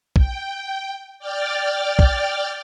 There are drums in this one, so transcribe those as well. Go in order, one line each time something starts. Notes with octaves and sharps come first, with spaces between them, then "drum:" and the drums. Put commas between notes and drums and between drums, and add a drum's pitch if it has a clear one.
G5, drum: kick
D5 G5 F6 A6
drum: kick